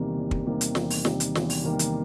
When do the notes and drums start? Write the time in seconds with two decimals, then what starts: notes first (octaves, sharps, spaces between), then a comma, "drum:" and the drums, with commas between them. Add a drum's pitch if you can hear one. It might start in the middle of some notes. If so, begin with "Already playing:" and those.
Already playing: E2 C3 D#3 G3 A#3
0.17 E2
0.31 drum: kick
0.47 C3 D#3 G3 A#3
0.61 drum: hi-hat
0.75 E2, drum: snare
0.90 drum: open hi-hat
1.05 C3 D#3 G3 A#3, drum: snare
1.20 drum: hi-hat
1.35 E2, drum: snare
1.50 drum: open hi-hat
1.64 C3 D#3 G3 A#3
1.79 drum: hi-hat